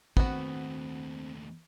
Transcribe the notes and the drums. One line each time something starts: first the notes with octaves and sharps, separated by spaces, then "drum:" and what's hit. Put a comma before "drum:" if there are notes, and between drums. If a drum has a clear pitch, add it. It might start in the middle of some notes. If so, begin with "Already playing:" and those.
D#2 D#3 A3 B3 C4 D4 F#4, drum: kick